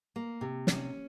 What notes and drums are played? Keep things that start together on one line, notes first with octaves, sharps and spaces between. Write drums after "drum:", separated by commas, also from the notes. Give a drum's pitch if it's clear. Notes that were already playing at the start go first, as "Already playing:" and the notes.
A#3
C3
C#4, drum: snare